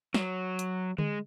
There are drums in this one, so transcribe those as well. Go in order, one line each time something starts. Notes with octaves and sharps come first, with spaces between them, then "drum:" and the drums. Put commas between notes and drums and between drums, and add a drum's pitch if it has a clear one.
F#3, drum: snare
drum: hi-hat
G#3, drum: tom D3